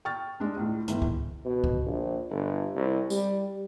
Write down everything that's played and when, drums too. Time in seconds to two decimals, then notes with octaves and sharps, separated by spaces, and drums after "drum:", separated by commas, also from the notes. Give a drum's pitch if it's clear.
0.05 G5 C#6 F6 A6
0.40 G#3 D4
0.57 C#2 A2
0.88 G1 C#2 E3, drum: hi-hat
1.02 drum: kick C#2
1.45 B2
1.64 drum: kick C#2
1.86 A#1
2.30 G1
2.75 C2
3.10 G3, drum: tambourine